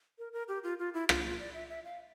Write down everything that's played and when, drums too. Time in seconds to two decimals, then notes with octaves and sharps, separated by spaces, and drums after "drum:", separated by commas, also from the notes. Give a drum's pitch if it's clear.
0.19 A#4
0.33 A#4
0.48 G4
0.64 F4
0.79 F4
0.94 E4
1.09 F4, drum: rim click
1.24 F4
1.39 D5
1.53 E5
1.69 E5
1.85 F5